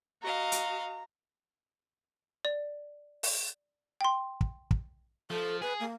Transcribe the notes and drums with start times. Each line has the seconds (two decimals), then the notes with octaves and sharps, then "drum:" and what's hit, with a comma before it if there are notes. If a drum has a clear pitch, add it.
0.23 F#4 D#5 F5 A#5
0.52 drum: hi-hat
2.45 D5
3.23 drum: open hi-hat
4.01 G5 C6
4.41 drum: kick
4.71 drum: kick
5.30 F3 A4
5.62 G#4 B4
5.80 A#3